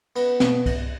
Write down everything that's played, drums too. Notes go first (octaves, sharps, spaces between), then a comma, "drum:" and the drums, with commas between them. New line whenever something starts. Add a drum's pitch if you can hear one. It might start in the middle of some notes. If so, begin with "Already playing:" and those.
B3, drum: cymbal
B2, drum: snare
drum: kick C2, cymbal